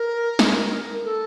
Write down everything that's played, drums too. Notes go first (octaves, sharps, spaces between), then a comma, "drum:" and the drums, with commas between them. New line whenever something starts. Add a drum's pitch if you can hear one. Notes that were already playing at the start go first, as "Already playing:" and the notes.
Already playing: A#4
drum: snare
A4